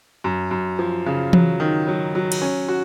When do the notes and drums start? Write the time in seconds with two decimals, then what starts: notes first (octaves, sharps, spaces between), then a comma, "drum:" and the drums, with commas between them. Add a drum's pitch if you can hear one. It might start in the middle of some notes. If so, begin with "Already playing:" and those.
0.24 F#2
0.51 F#2
0.79 F3
1.06 C#3
1.33 F#3, drum: tom E3
1.60 D#3
1.87 F#3
2.15 F#3
2.32 drum: cymbal
2.42 C#4
2.69 F#4